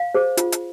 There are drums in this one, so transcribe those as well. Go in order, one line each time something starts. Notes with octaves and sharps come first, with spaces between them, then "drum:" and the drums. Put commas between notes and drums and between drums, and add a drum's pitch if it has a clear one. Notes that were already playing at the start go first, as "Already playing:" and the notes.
Already playing: F5
G#4 C5
F4, drum: hi-hat
drum: hi-hat